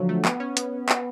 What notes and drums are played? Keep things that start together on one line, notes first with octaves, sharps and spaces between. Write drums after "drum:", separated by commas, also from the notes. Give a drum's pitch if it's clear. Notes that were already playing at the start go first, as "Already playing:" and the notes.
Already playing: D3 F3 F#3
A3
B3, drum: clap
C#4
B3, drum: hi-hat
B3, drum: clap